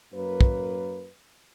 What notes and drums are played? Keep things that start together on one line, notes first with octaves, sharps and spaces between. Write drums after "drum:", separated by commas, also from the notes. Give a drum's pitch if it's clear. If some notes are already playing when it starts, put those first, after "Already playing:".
F#2 A#3 B4
drum: kick